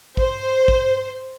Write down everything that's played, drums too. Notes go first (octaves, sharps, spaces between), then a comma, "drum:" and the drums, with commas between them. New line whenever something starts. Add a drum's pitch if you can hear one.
C5, drum: kick A1
drum: kick A1